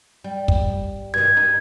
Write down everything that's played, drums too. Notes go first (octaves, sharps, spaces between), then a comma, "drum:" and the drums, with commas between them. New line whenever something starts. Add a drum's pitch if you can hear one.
G3
drum: kick
G2 B2 D#3 G#6
D#4